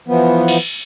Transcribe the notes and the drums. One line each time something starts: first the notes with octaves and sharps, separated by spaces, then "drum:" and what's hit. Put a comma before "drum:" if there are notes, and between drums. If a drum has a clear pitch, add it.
E3 F3 B3
drum: cymbal